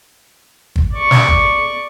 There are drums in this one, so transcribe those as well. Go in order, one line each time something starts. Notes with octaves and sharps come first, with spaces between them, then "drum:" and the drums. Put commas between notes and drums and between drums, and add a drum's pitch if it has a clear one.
drum: kick
D5 C#6
drum: snare
drum: kick